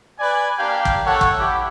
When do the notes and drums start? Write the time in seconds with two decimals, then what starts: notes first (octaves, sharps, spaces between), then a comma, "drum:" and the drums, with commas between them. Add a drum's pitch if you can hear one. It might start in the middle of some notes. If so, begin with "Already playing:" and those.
0.19 B4 D5 G#5
0.59 A#3 D4 G4 F5 G5
0.85 drum: kick
1.06 A3 A4 C#5 F#5
1.21 drum: kick
1.39 E4 G4